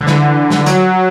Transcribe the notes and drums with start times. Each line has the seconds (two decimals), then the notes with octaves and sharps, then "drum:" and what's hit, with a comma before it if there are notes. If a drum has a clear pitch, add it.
0.01 D3
0.07 E3, drum: snare
0.50 drum: snare
0.66 F#3, drum: hi-hat